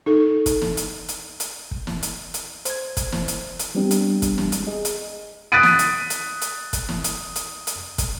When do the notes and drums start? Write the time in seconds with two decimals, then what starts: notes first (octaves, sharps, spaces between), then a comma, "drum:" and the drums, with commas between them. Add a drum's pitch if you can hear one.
0.06 D#4 A4
0.46 drum: kick, hi-hat
0.62 drum: snare
0.77 drum: hi-hat
1.09 drum: hi-hat
1.40 drum: hi-hat
1.71 drum: kick
1.87 drum: snare
2.03 drum: hi-hat
2.34 drum: hi-hat
2.65 C5 G#6, drum: hi-hat
2.97 drum: kick, hi-hat
3.12 drum: snare
3.28 drum: hi-hat
3.59 drum: hi-hat
3.75 G3 B3 C4 D4 G4
3.91 drum: hi-hat
4.22 drum: kick, hi-hat
4.38 drum: snare
4.52 G#3, drum: hi-hat
4.67 G#4 D#5
4.85 drum: hi-hat
5.52 D#6 F#6 A6 B6 D7 D#7
5.63 drum: snare
5.79 drum: hi-hat
6.10 drum: hi-hat
6.42 drum: hi-hat
6.73 drum: kick, hi-hat
6.89 drum: snare
7.04 drum: hi-hat
7.36 drum: hi-hat
7.67 drum: hi-hat
7.98 drum: kick, hi-hat